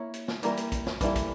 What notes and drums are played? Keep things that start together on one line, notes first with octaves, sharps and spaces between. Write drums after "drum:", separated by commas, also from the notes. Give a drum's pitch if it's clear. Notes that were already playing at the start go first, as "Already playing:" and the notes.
Already playing: A#3 E4 C#5
drum: hi-hat
drum: snare
E3 G3 A#3 E4 A#4, drum: hi-hat
drum: hi-hat
drum: kick, hi-hat
drum: snare
E3 G3 A#3 E4 A4, drum: kick, hi-hat
drum: kick, hi-hat